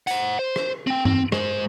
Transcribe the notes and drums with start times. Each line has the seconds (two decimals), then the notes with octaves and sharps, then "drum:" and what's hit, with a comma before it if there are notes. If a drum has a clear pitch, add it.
0.07 C5 F#5, drum: hi-hat
0.39 C5
0.56 drum: rim click
0.87 C4 G5
1.05 C4, drum: tom G2
1.32 G#3 C5, drum: rim click